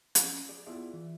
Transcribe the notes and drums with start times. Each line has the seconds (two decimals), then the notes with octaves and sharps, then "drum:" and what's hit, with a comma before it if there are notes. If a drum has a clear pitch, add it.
0.15 F3 C#4, drum: hi-hat
0.49 G#4 D5
0.66 B3 E4 F4 G#4 D5 F5
0.93 E3